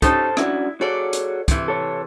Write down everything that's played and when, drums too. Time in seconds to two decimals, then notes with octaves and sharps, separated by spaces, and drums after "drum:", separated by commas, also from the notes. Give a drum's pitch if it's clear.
0.02 C#4 D#4 G4 A4 C5 A5, drum: kick, hi-hat
0.37 C#4 D4 E4 F#4, drum: rim click
0.81 F#4 G#4 A4 C#5 D5
1.13 drum: hi-hat
1.48 C3 E3, drum: kick, hi-hat
1.68 A4 C#5